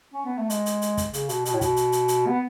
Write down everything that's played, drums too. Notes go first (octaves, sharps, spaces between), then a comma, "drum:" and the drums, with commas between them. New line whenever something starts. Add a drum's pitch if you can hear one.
C#4
B3
A3
G#3, drum: hi-hat
drum: hi-hat
drum: hi-hat
drum: kick, hi-hat
C#3, drum: hi-hat
B2, drum: hi-hat
B2, drum: hi-hat
A2
B2, drum: kick, hi-hat
drum: hi-hat
drum: hi-hat
drum: hi-hat
B3